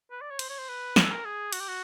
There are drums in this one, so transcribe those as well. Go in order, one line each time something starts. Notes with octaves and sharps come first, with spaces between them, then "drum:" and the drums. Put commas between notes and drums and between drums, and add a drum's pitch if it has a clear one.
B4
D5
C#5
C5, drum: cymbal
C#5
C5
B4
A#4, drum: snare
A4
A#4
G#4
F#4, drum: cymbal
G4
F#4